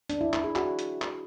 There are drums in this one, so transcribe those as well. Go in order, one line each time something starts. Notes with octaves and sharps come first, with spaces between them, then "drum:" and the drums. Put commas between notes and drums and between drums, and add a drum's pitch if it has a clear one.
D4, drum: hi-hat
E4
E4, drum: clap
G#4
F#4, drum: clap
drum: hi-hat
drum: clap